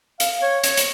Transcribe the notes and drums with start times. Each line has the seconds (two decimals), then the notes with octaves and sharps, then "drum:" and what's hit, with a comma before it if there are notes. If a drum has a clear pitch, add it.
0.20 F5, drum: hi-hat
0.42 C#5
0.64 C#5, drum: hi-hat
0.77 drum: hi-hat